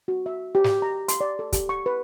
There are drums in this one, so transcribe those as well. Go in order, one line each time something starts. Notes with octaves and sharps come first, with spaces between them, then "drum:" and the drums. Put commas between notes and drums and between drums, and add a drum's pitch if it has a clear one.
F#4
E5
G4
drum: snare
A#5
C6, drum: hi-hat
D5
A4
G4, drum: kick, hi-hat
C#6
B4